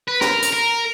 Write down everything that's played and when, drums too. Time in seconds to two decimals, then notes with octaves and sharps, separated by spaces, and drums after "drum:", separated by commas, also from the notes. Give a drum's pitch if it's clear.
0.08 B4
0.21 A#4, drum: rim click
0.42 drum: hi-hat
0.53 A#4